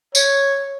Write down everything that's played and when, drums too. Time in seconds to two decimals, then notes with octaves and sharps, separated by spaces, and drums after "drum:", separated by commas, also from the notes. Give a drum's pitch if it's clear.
0.15 C#5, drum: tambourine